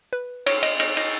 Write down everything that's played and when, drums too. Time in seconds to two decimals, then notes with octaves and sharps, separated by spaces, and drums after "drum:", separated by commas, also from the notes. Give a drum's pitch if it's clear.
0.13 B4
0.46 C#5, drum: cymbal
0.63 D#5, drum: cymbal
0.80 D#5, drum: cymbal
0.97 D#5, drum: cymbal